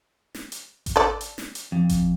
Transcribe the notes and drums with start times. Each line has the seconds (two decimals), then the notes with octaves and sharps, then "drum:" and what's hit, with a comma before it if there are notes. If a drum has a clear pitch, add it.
0.35 drum: snare
0.52 drum: hi-hat
0.86 drum: kick G#1, hi-hat
0.96 A4 D5
1.21 drum: hi-hat
1.38 drum: snare
1.55 drum: hi-hat
1.72 F2
1.89 drum: kick G#1, hi-hat